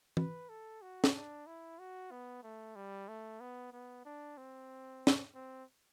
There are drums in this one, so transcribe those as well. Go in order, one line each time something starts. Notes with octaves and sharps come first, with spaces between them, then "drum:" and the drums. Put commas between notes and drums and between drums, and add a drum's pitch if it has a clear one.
B4, drum: tom E3
A4
F#4
drum: snare
D4
E4
F#4
B3
A3
G3
A3
B3
B3
D4
C4
drum: snare
C4